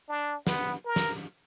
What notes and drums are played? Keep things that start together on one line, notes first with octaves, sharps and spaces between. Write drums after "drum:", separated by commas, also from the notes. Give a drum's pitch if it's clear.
D4
B3, drum: snare
A#4
drum: snare